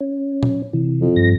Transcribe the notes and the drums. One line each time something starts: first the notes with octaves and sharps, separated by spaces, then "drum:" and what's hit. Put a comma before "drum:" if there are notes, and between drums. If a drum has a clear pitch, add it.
C#4
drum: tom A#2
C3 E3
F2
G2 A#6